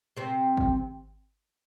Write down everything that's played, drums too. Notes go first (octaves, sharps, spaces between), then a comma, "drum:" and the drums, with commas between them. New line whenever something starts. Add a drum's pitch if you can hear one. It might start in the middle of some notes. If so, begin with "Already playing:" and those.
C3 C4
drum: kick